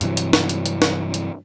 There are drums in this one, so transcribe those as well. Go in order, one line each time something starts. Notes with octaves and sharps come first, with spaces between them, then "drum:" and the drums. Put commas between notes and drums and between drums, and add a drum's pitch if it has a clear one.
G2 C3 E3 F#3, drum: hi-hat
drum: hi-hat
drum: snare
drum: hi-hat
drum: hi-hat
drum: snare
drum: hi-hat